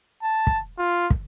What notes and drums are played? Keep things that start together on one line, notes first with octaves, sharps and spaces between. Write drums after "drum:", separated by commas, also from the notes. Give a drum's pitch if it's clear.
A5
drum: kick
F4
drum: kick